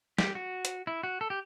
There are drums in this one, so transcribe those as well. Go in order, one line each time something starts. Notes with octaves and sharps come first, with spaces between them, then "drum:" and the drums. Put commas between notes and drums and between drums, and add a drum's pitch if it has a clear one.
G4, drum: snare
F#4
drum: hi-hat
E4
F#4
A4
G4